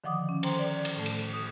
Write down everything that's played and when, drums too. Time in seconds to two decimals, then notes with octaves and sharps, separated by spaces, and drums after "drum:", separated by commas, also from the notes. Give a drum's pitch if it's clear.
0.04 D3 D#3 F3 F#5 D6 D#6
0.29 C#4
0.43 C5 G5 A#5 C6, drum: cymbal
0.59 D5
0.85 drum: cymbal
0.96 A2 A3
1.06 drum: cymbal
1.33 D#6